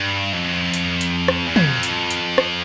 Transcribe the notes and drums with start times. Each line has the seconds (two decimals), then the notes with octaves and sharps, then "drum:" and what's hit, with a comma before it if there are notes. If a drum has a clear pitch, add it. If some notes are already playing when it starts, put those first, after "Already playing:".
Already playing: G2
0.33 F2
0.74 drum: hi-hat
1.01 drum: hi-hat
1.28 drum: rim click
1.47 E2
1.56 F2, drum: tom
1.83 drum: hi-hat
2.11 drum: hi-hat
2.38 drum: rim click